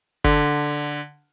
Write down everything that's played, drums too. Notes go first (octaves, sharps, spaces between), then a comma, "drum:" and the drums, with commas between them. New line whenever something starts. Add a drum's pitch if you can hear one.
D3, drum: kick F#1